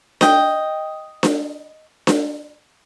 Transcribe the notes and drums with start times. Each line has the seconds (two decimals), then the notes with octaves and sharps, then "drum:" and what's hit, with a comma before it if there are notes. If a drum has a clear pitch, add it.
0.21 D#5 G5, drum: snare D4
1.23 drum: snare D4
2.07 drum: snare D4